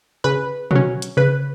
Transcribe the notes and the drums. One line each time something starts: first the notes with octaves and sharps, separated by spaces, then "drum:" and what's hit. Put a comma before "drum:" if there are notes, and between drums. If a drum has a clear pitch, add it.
C#3 B4
F#3 C#4, drum: tom B2
drum: hi-hat
C#3 B4